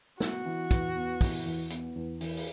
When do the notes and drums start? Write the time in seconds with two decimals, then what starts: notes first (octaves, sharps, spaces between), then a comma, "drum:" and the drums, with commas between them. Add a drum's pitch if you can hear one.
0.20 B3 F#4, drum: snare
0.45 E3
0.71 E2, drum: kick, hi-hat
0.95 B3
1.21 E3, drum: kick, open hi-hat
1.45 E2
1.70 B3, drum: hi-hat
1.95 E2
2.21 E3, drum: open hi-hat
2.37 drum: open hi-hat